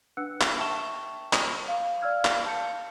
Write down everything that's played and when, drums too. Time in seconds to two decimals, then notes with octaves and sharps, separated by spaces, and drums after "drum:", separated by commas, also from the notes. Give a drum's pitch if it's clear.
0.17 D4 B4 F#5 E6 F#6 C#7
0.41 drum: clap
0.58 E5 G5 A5 C#6 E7 G7
1.33 drum: clap
1.68 F5
2.02 D5 F5 E6 F6 G#6
2.25 drum: clap
2.44 F5 A5 G6 C#7